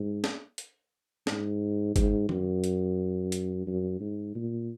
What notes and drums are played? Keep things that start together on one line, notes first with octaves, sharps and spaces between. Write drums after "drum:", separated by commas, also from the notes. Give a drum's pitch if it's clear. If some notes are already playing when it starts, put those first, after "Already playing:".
Already playing: G#2
drum: snare
drum: hi-hat
G#2, drum: snare
G#2, drum: kick G1, hi-hat
F#2, drum: tom D#3
drum: hi-hat
drum: hi-hat
F#2
G#2
A#2